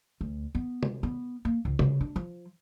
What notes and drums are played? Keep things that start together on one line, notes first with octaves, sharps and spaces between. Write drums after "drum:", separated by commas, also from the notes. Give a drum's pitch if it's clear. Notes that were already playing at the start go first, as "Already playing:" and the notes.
D2
B3
drum: tom
B3
A#3
C#2
C#3, drum: tom
D4
F3